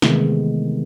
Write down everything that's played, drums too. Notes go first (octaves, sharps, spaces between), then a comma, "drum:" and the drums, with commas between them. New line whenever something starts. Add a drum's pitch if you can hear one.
C3 D#3 E3 G#3 A3 B3, drum: snare